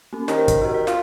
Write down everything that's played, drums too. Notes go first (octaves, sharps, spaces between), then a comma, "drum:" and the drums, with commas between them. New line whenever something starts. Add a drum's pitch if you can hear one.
A#3 C#4
D#3 G4 C5 C#5, drum: snare
drum: kick, hi-hat
D#3 F#4 G4 A#4
B6
F4, drum: snare